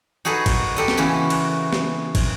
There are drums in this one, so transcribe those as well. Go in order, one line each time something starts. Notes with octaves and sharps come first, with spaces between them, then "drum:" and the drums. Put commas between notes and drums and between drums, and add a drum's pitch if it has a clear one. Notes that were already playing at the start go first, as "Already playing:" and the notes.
D#4 F#4 G#4 A4 B4
drum: kick, cymbal
G4 A4 D#5
drum: snare
C#3 E3 C#4 F#4
drum: cymbal
drum: snare
drum: kick, cymbal